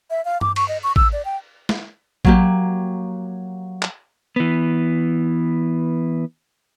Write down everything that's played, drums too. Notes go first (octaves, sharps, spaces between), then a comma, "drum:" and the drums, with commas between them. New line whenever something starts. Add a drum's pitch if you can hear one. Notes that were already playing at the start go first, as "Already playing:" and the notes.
E5
F5
D6, drum: tom G2
C#6, drum: cymbal
D#5
C#6
E6, drum: kick
D5
G5
drum: snare
F#3 A#3 G4, drum: kick
drum: clap
E3 B3